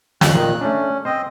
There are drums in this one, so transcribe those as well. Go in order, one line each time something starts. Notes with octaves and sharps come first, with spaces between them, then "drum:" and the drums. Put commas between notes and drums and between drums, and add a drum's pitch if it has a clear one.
F2 C#3 F#6, drum: snare
A#2 D#3 D#5
A3 C#4 D4
C4 C5 D#5 G5